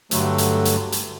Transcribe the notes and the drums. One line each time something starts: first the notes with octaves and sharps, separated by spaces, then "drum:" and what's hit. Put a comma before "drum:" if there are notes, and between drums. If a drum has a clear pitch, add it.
G2 D3 F#3 A3, drum: hi-hat
drum: hi-hat
drum: hi-hat
drum: hi-hat